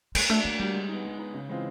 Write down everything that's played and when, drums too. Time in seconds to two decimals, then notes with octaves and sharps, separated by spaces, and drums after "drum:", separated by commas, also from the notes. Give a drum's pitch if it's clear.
0.15 G#3 A#3, drum: cymbal
0.30 A3 D4 F#4
0.44 A3 A#3
0.59 G3 D4 F#4
0.74 G#3
0.89 B3 D#4
1.05 G#3
1.19 B3 D#4
1.34 C#3
1.49 E3 G#3 C4 F4